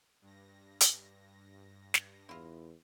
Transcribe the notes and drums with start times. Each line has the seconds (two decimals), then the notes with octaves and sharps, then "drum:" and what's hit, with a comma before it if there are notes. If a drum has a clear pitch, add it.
0.21 G2 A#6
0.81 drum: hi-hat
1.94 drum: snare
2.29 E2 E4 F4